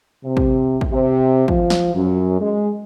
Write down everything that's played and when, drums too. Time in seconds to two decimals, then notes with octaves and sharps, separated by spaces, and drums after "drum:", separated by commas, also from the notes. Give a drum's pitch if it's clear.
0.24 C3
0.37 drum: kick
0.81 drum: kick
0.92 C3
1.48 F3, drum: kick
1.70 drum: snare
1.95 F#2
2.40 G#3